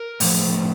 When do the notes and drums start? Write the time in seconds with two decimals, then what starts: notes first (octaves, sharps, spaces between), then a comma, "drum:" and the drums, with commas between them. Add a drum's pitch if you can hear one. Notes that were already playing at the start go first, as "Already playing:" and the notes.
Already playing: A#4
0.20 A2 F3, drum: open hi-hat